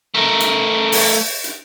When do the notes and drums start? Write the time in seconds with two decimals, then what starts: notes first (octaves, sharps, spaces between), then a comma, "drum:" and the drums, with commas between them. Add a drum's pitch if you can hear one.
0.14 A3 A#4
0.40 drum: hi-hat
0.92 drum: open hi-hat
1.44 drum: hi-hat